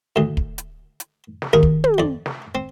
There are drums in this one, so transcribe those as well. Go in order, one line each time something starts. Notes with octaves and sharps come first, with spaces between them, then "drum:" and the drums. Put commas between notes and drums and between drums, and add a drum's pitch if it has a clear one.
D2 A2
drum: kick
drum: hi-hat
drum: hi-hat
drum: snare
D#2 G#4 A#4
drum: kick
drum: tom
F2 D5
drum: snare
C4